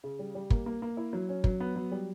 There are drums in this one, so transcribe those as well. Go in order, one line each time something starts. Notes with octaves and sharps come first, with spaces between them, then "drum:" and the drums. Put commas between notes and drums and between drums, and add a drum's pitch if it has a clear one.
C#3
G3
G3
A#3, drum: kick
A#3
A#3
E4
F#3
C#4
F#3, drum: kick
B3
F#3
G3